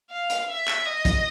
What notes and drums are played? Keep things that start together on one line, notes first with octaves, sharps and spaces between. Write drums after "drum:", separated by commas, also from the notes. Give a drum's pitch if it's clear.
F5
drum: hi-hat
E5
drum: clap
D#5
drum: kick, hi-hat